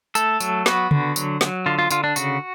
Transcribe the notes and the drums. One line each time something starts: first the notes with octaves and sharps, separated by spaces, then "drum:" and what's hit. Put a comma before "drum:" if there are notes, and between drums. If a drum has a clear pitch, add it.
A3 A4, drum: tambourine
F#3, drum: tambourine
B3 F#4, drum: snare
D3, drum: tom C#3
F#3, drum: tambourine
F#3, drum: snare
D3 F4
F4
D3 F4, drum: tambourine
D4
C#3 F#4, drum: tambourine